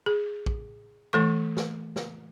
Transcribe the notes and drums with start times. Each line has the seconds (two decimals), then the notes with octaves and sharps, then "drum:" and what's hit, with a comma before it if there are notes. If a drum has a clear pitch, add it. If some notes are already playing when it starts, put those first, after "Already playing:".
0.06 G#4
0.46 drum: kick
1.13 E3 A3 A4 C#6
1.57 drum: snare
1.96 drum: snare